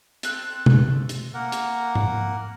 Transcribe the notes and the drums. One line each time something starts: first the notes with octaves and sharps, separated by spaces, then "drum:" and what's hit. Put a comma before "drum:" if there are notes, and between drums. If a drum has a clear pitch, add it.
C4 A4 F#6, drum: hi-hat
drum: tom B2
drum: hi-hat
A#3 A#4 F#5
drum: hi-hat
drum: tom G#2